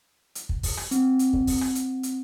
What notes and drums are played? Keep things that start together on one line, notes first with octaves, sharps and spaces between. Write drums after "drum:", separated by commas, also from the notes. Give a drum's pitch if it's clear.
drum: hi-hat
drum: kick
drum: kick, open hi-hat
drum: rim click
C4, drum: hi-hat
drum: hi-hat
drum: kick
drum: kick, open hi-hat
drum: rim click
drum: hi-hat
drum: hi-hat